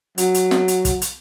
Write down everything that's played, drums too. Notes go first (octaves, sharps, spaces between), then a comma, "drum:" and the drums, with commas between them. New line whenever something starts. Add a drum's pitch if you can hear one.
F#3, drum: hi-hat
drum: hi-hat
drum: snare
drum: hi-hat
drum: kick, hi-hat
drum: hi-hat